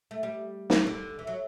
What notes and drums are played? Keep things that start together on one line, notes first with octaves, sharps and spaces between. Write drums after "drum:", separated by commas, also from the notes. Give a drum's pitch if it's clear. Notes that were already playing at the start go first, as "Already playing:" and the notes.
A3
G3
drum: snare
D3
E3
F#3